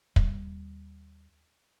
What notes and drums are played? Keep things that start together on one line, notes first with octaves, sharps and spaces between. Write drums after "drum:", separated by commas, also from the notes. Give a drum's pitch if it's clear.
D#2 G3, drum: kick